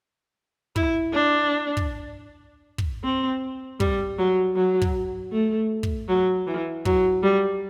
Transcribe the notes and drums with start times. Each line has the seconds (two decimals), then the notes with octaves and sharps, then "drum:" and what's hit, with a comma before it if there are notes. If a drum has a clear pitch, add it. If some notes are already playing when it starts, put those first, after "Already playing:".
0.76 E4, drum: kick
1.13 D4
1.77 drum: kick
2.78 drum: kick
3.04 C4
3.80 G3, drum: kick
4.18 F#3
4.56 F#3
4.82 drum: kick
5.32 A3
5.83 drum: kick
6.08 F#3
6.47 E3
6.85 F#3, drum: kick
7.23 G3